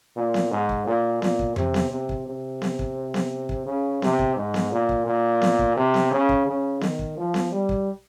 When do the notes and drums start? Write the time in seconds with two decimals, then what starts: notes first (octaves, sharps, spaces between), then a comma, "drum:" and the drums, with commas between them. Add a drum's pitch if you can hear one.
0.16 A#2
0.34 drum: snare B3
0.51 G#2
0.69 drum: kick
0.87 A#2
1.22 A#2, drum: snare B3
1.39 drum: kick
1.56 C3, drum: tom F2
1.74 drum: snare B3
1.91 C3
2.09 drum: kick
2.27 C3
2.62 drum: snare B3
2.79 drum: kick
3.14 drum: snare B3
3.49 drum: kick
3.66 C#3
4.02 C3, drum: snare B3
4.19 drum: kick
4.36 G#2
4.54 drum: snare B3
4.72 A#2
4.89 drum: kick
5.07 A#2
5.42 drum: snare B3
5.59 drum: kick
5.77 C3
5.94 drum: snare B3
6.11 C#3
6.29 drum: kick
6.47 C#3
6.81 D#3, drum: snare B3
6.99 drum: kick
7.17 F3
7.34 drum: snare B3
7.52 G3
7.69 drum: kick